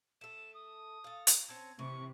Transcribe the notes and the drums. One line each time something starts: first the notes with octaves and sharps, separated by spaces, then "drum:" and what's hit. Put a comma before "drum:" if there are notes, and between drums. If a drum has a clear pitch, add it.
A3 A4 E7
D#6
A4 F5
drum: hi-hat
C4 C#4 A5 G#6
C3 E3 C#6